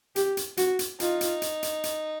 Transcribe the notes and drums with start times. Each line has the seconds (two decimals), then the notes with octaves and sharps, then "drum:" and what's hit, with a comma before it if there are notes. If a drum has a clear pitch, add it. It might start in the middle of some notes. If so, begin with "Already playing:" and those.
0.16 G4, drum: hi-hat
0.37 drum: hi-hat
0.57 F#4, drum: hi-hat
0.79 drum: hi-hat
1.00 D#4 F4, drum: hi-hat
1.21 drum: hi-hat
1.42 drum: hi-hat
1.63 drum: hi-hat
1.84 drum: hi-hat